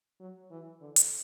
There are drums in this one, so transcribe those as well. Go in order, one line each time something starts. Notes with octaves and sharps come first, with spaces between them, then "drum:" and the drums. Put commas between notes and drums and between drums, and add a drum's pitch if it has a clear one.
F#3
E3
D3
drum: hi-hat